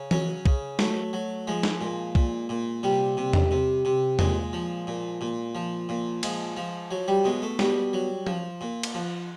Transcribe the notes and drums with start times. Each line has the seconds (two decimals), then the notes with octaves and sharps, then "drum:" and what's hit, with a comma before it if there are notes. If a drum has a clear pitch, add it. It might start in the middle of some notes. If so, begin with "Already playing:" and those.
Already playing: C#3
0.11 F#3 C#4, drum: tom E3
0.46 C#3, drum: kick
0.79 F#3 A3, drum: snare
1.13 F#3
1.47 F3 G#3
1.63 drum: snare
1.81 A#2
2.15 A#2, drum: kick
2.49 A#2
2.83 C3 G3
3.17 C3
3.33 drum: tom E2
3.51 C3
3.85 C3
4.19 A#2 G#3, drum: tom E2
4.53 F3
4.87 A#2
5.21 A#2
5.55 F3
5.89 A#2
6.23 F3 G#3, drum: cymbal
6.57 F3
6.91 F#3
7.08 G3
7.24 B2 G#3
7.42 A3
7.59 B2 G3, drum: snare
7.93 F#3
8.27 F3, drum: tom F3
8.61 A#2
8.83 drum: cymbal
8.95 F3